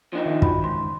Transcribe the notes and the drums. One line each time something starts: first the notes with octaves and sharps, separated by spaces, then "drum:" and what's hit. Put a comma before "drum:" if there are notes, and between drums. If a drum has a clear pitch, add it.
F3 D4 D#4
D#3 E5
F#4 B5, drum: kick
C#2 C6